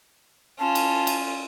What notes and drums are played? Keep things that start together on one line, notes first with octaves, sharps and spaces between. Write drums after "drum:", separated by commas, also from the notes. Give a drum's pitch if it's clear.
C#4 F4 A5
drum: cymbal
drum: cymbal